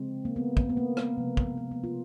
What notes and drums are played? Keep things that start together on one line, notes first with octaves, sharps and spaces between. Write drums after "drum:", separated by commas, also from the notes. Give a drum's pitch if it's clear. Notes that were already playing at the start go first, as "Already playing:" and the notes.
Already playing: C#3 F3 G#3 C4
A#3
B3
drum: kick
B3
A#3
drum: rim click
C3 F3 G#3
drum: kick
B3
B3
F4